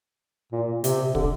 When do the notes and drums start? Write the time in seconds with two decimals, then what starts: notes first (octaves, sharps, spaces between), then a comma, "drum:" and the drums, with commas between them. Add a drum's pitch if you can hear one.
0.52 A#2
0.84 C3, drum: hi-hat
1.15 D3, drum: kick